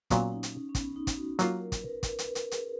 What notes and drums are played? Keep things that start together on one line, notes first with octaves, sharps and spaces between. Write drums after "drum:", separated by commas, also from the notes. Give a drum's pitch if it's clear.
A#2 F#3 B3 C#4, drum: kick, hi-hat
D#4
drum: hi-hat
C#4
C#4
B3, drum: kick, hi-hat
D#4
drum: kick, hi-hat
F#4
F#3 A#3 F4, drum: hi-hat
A#4
A#4, drum: kick, hi-hat
B4
A#4, drum: kick, hi-hat
B4, drum: hi-hat
A#4, drum: hi-hat
G#4, drum: hi-hat